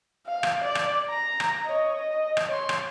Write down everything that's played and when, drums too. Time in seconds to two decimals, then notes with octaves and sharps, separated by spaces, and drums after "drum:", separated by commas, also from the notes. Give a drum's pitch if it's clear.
0.27 F5
0.43 drum: rim click
0.64 D5
0.75 drum: rim click
1.09 A#5
1.40 drum: rim click
1.65 C#5 D#5
1.94 D#5
2.37 drum: rim click
2.48 C#5 C6
2.69 drum: rim click